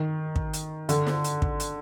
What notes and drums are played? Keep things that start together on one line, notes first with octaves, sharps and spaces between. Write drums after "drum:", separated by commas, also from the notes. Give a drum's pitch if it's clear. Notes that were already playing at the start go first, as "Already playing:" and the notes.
Already playing: D#3
drum: kick
drum: hi-hat
D3, drum: hi-hat
drum: snare
drum: hi-hat
drum: kick
drum: hi-hat